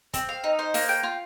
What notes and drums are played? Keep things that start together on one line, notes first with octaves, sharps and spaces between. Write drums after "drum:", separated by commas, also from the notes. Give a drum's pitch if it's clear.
C4, drum: kick, hi-hat
F5
D#4
C5
A#3, drum: open hi-hat
G5
F4